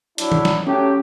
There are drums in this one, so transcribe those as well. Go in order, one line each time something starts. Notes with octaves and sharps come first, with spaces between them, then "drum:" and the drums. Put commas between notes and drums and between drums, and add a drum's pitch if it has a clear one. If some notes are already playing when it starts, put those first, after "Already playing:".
F#3 D4 E4, drum: hi-hat
drum: tom E3
drum: snare F#3
F#3 A3 C#4 G4